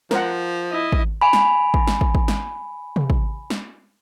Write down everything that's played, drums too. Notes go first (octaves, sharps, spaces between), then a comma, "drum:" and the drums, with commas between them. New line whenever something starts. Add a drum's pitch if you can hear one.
F3 A#4 C5 F#5, drum: snare
E4 D#5
drum: kick
G#5 B5
drum: snare
drum: kick
drum: snare
drum: kick
drum: kick
drum: snare
drum: tom C3
drum: kick
drum: snare